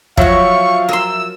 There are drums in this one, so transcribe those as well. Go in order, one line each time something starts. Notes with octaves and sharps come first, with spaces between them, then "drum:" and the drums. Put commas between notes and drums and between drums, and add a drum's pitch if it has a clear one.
F3 F#3 F#4 E5 F5 C#6, drum: kick
A#4 C6 E6